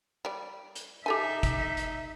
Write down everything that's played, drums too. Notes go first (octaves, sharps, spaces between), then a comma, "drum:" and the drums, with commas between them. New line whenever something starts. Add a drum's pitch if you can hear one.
G3 D5
drum: hi-hat
D#4 G4 A4 E5 G#5
drum: kick, hi-hat
drum: hi-hat